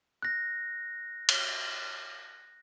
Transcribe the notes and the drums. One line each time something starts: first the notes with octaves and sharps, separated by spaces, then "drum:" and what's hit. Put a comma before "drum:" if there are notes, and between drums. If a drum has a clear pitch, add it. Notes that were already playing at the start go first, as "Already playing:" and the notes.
F#6 A#6
drum: cymbal